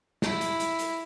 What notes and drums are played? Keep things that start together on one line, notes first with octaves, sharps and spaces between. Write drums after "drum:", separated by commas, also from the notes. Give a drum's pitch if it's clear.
E4, drum: snare
drum: hi-hat
drum: hi-hat
drum: hi-hat